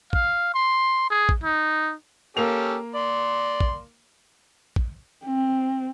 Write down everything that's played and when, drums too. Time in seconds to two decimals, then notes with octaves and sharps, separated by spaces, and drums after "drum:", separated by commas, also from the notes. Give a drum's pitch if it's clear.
0.13 F5, drum: kick
0.54 C6
1.10 G#4
1.29 drum: kick
1.44 D#4
2.37 A#3 C#4 G4 A4 F7
2.95 D5 C6
3.61 drum: kick
4.76 drum: kick
5.25 C4